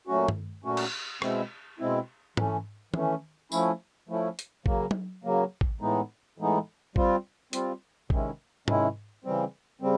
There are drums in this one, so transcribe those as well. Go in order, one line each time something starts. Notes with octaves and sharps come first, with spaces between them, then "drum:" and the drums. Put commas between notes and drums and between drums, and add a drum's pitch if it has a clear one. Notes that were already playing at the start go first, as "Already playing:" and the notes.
A#2 F#3 A3 C#4 F#4
drum: tom G2
A#2 F#3 A3 C#4 F#4
drum: cymbal
B2 G#3 C4 E4, drum: rim click
B2 G#3 C4 E4
E3 A3 C#4, drum: tom G#2
E3 A3 C#4, drum: tom D#3
F3 A3 C#4 E4, drum: tambourine
F3 A3 C#4 E4
drum: hi-hat
C#3 F#3 A#3, drum: kick A1
drum: tom
C#3 F#3 A#3
drum: kick A1
A2 E3 G#3 B3 D#4
A2 E3 G#3 B3 D#4
G3 C4 F4, drum: kick A1
G3 C4 F4, drum: hi-hat
C3 D#3 G#3 C#4 E4, drum: kick A1
C3 D#3 G#3 C#4 E4, drum: tom G#2
C#3 E3 G3 C4
C#3 G3 C4